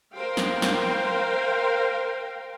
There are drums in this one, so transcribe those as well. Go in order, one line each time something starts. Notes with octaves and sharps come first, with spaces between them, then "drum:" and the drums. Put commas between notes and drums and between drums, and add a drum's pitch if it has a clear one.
A#4 C5 F5 G5
drum: snare
drum: snare